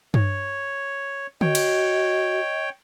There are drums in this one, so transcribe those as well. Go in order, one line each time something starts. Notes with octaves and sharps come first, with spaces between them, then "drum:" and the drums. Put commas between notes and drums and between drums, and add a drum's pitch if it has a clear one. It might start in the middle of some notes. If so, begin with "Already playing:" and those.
C#5, drum: tom G2
F#4 C#5 D#5 G5, drum: tom D3
drum: cymbal